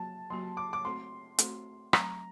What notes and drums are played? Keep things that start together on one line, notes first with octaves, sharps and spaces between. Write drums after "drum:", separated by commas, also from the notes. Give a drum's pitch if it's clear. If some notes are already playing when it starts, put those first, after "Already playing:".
Already playing: F#3 A#3 F#4 A5
F#3 A#3 F#4 C6
D6
D6
A3 C4 F#4 A4 C5 C6
A3 C4 F#4 A4 C5, drum: hi-hat
F#3 A3 C4 A#5, drum: rim click